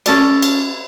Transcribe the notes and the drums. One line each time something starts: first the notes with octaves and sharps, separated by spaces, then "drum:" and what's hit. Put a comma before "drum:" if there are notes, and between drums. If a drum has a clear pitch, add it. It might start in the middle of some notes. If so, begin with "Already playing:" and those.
C#4 A4 D5, drum: cymbal
drum: cymbal